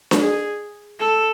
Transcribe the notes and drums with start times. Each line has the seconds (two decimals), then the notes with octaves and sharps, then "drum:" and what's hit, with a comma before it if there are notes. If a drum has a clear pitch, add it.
0.11 drum: snare D4
0.21 G#4
1.00 A4